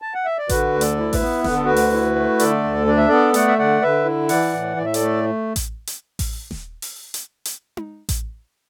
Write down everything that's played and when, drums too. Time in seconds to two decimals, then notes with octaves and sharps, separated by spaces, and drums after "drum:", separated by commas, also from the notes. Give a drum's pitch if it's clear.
0.02 A5
0.14 F#5
0.25 E5
0.38 D5
0.49 D3 F#4 B4, drum: kick A1, hi-hat
0.74 D2
0.81 A4 D5, drum: hi-hat
0.98 E4
1.13 B4 E5, drum: kick A1, open hi-hat
1.21 B3
1.44 D3 B4, drum: snare D#1
1.55 A4
1.65 D2 F#4 B4
1.76 drum: open hi-hat
1.93 E4
2.16 A3
2.40 D3 A4 D5, drum: hi-hat
2.64 D2
2.87 D4 D5
2.98 E5
3.08 B3 A4 D5
3.34 A3 D5 F#5, drum: hi-hat
3.48 E5
3.59 D3 D5 F#5
3.82 D3 B4 E5
4.05 E4
4.29 E3 D5 F#5, drum: open hi-hat
4.53 A2
4.76 A2 D5
4.85 E5
4.94 A4 D5, drum: hi-hat
5.00 A3
5.56 drum: kick A1, hi-hat
5.87 drum: hi-hat
6.19 drum: kick A1, open hi-hat
6.51 drum: snare D#1
6.82 drum: open hi-hat
7.14 drum: hi-hat
7.45 drum: hi-hat
7.77 drum: tom D#4
8.09 drum: kick A1, hi-hat